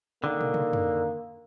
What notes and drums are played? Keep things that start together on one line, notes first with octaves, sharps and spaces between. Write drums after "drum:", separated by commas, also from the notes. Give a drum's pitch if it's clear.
D3 D#3 A#3
drum: tom
drum: tom
drum: tom